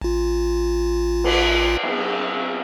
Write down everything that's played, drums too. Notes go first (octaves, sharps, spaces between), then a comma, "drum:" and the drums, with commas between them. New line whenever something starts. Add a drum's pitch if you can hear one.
A1 F4
drum: cymbal
drum: cymbal